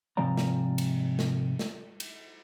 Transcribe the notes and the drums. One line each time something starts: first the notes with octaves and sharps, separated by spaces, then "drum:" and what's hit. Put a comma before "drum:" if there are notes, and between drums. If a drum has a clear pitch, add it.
G#2 C3 F3 G#3 D5 A#5
drum: snare
drum: cymbal
drum: snare
drum: snare
drum: cymbal